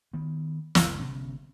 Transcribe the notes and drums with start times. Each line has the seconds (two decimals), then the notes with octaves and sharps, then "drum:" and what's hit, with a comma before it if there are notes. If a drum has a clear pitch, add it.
0.13 D#3 B3
0.75 F#1 C#2, drum: snare
0.99 G1 C3 B3 C#4